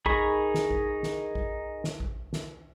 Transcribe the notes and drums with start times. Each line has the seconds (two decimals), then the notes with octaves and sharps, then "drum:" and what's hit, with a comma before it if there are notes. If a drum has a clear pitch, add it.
0.06 D#4 G#4 A#4 B5 C#6, drum: kick A1
0.54 drum: snare
0.71 drum: kick A1
1.03 drum: snare
1.35 drum: kick A1
1.84 drum: snare
2.00 drum: kick A1
2.33 drum: snare